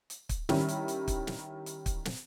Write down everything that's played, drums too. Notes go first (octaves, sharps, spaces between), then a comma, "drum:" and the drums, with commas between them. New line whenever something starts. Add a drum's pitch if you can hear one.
drum: hi-hat
drum: kick, hi-hat
D#3 G3 C#4 E4, drum: snare
drum: hi-hat
drum: hi-hat
drum: kick, hi-hat
drum: snare
drum: hi-hat
drum: kick, hi-hat
drum: snare